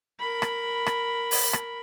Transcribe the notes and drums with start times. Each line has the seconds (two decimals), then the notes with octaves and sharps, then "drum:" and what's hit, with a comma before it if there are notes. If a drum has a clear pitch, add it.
0.20 A#4 B5
0.42 drum: rim click
0.86 drum: rim click
1.31 drum: open hi-hat
1.53 drum: rim click